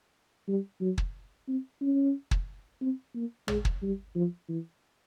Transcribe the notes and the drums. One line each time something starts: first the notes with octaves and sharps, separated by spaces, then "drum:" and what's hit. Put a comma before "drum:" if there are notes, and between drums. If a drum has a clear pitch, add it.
G3
F#3
drum: kick
C4
C#4
drum: kick
C4
A#3
G#3, drum: tom
drum: kick
G3
F3
E3